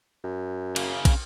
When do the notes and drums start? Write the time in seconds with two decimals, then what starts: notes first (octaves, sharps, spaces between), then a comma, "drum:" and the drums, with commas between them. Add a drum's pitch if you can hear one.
0.24 F#2
0.76 C#3 A#3, drum: cymbal
1.05 drum: kick, cymbal